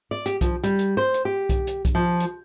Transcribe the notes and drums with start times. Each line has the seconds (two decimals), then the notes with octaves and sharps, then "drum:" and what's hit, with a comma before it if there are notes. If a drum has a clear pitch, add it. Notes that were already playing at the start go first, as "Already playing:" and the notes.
0.11 D5
0.26 G4, drum: hi-hat
0.41 F3, drum: kick B1, hi-hat
0.64 G3, drum: hi-hat
0.79 drum: hi-hat
0.97 C5
1.14 drum: hi-hat
1.25 G4
1.49 drum: kick B1, hi-hat
1.67 drum: hi-hat
1.85 drum: kick B1, hi-hat
1.95 F3
2.20 drum: hi-hat